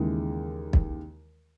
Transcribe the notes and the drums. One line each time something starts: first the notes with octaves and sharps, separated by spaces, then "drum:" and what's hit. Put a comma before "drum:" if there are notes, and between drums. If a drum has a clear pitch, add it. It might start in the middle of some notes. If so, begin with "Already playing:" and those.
Already playing: D#2 C#3 E3 G#3
drum: kick